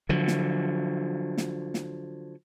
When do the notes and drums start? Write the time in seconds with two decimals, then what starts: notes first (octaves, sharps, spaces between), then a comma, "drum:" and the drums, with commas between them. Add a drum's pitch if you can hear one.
0.09 D3 F3 F#3
0.28 drum: snare
1.38 drum: snare
1.74 drum: snare